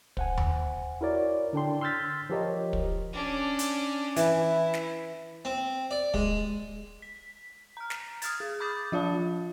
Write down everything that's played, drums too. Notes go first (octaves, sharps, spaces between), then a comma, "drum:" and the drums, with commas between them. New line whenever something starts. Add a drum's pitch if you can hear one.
C5 F#5 G#5, drum: kick
drum: tom D#2
E4 F#4 A#4 C#5 D5
D3 D4 G5 C6
C6 E6 F6 G6 A6 B6
F3 F4 G4 A#4 C#5 D#5
drum: kick
C#4 D4
drum: hi-hat
E3 E4, drum: hi-hat
drum: snare
C4
D5
G#3, drum: kick
B6
A#5 F6
drum: snare
D#6 F6 G#6 A6, drum: hi-hat
G#4
B5 D6 D#6 G6 A6
F3 F4 F5 A5